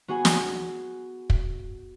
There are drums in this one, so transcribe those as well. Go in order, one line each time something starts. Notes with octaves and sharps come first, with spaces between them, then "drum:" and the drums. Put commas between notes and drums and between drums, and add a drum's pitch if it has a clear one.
B3 F#4 G#4 F#5 G#5
drum: snare
drum: kick